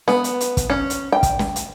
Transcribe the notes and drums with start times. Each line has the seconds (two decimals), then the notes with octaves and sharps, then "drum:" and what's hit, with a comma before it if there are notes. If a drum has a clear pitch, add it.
0.08 B3, drum: snare
0.24 drum: hi-hat
0.41 drum: hi-hat
0.57 drum: kick, hi-hat
0.70 C#4
0.90 drum: hi-hat
1.12 G5
1.23 drum: kick, hi-hat
1.39 drum: snare
1.56 drum: hi-hat